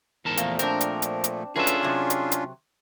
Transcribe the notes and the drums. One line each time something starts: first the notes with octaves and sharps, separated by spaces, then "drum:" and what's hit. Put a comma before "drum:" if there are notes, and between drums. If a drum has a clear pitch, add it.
E2 G#2 A#4 A5
A#2 F3 A3 A#3, drum: hi-hat
C4 D4 A#4, drum: hi-hat
drum: hi-hat
drum: hi-hat
drum: hi-hat
F#3 A3 C#4 D4 F4 G#4 B4 E5
drum: hi-hat
C3 F#3
drum: hi-hat
drum: hi-hat